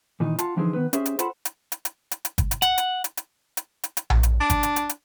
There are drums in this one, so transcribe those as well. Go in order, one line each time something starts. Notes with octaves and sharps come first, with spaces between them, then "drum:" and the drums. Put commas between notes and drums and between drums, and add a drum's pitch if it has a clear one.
A#2 D#3 E3 D#4
F4 F5 F#5 A5, drum: hi-hat
D3 E3 F3 C4 D#4 G#4
D#3 B3 B4
C#4 G4 G#4 C5 E5, drum: hi-hat
drum: hi-hat
F4 A4 C5 F#5 A5 B5, drum: hi-hat
drum: hi-hat
drum: hi-hat
drum: hi-hat
drum: hi-hat
drum: hi-hat
drum: kick G1, hi-hat
drum: hi-hat
F#5, drum: hi-hat
drum: hi-hat
drum: hi-hat
drum: hi-hat
drum: hi-hat
drum: hi-hat
drum: hi-hat
drum: tom A#1
drum: hi-hat
D4
drum: kick G1, hi-hat
drum: hi-hat
drum: hi-hat
drum: hi-hat